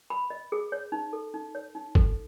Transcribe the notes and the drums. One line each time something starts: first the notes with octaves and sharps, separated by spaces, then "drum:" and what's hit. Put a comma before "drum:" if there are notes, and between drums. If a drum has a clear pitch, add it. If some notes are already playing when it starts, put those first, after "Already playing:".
B5
D#5
G#4
C#5
D#4
A4
D#4
C#5
D#4
A4, drum: kick G1